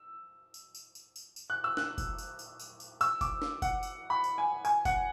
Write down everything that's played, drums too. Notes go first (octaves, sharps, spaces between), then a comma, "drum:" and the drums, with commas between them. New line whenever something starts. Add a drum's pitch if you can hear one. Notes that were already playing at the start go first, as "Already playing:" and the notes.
Already playing: E6
drum: tambourine
drum: tambourine
drum: tambourine
drum: tambourine
drum: tambourine
F#6
E6
F#6, drum: snare
drum: kick F#1, tambourine
drum: tambourine
drum: tambourine
drum: tambourine
drum: tambourine
E6, drum: tambourine
D6, drum: kick F#1, tambourine
drum: snare
F#5, drum: kick F#1, tambourine
drum: tambourine
B5
drum: tambourine
G#5
G#5, drum: tambourine
F#5, drum: kick F#1, tambourine